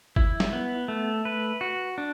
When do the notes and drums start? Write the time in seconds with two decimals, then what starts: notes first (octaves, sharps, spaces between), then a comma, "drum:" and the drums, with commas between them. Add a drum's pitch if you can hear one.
0.16 E4, drum: kick G1
0.40 drum: snare
0.53 B3
0.88 A3
1.25 B4
1.61 F#4
1.98 D4